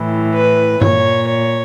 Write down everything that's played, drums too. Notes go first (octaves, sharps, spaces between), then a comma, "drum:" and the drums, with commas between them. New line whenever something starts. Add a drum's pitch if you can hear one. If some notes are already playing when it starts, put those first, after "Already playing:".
Already playing: A2 E3
B4
A#2 C#5, drum: tom G2
C#5